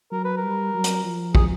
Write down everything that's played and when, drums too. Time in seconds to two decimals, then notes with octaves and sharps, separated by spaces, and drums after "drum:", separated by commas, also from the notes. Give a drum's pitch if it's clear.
0.12 F#3 A#4
0.25 B4
0.37 A#4
0.42 G3
0.74 F#3
0.84 drum: hi-hat
1.04 F3
1.35 G#4, drum: kick